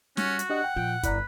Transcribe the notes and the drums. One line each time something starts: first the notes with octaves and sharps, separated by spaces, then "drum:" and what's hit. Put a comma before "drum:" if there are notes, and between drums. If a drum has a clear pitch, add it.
G3 C#4 F#4, drum: snare
drum: hi-hat
D4 G4 D#5 F#5
G5
A#2 F3 F4 G5
G1 E4 B4 D5 A#5, drum: kick, hi-hat